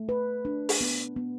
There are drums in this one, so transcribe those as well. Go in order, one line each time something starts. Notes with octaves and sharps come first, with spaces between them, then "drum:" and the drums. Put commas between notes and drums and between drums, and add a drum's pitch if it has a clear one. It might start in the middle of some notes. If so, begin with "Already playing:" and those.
Already playing: A3
B4
D4
drum: open hi-hat
B3
B3